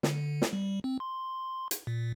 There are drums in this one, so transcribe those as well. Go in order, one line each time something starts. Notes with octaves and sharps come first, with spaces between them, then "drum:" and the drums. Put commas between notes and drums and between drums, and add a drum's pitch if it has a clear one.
D3, drum: snare
drum: snare
G3
C4
C6
drum: hi-hat
A#2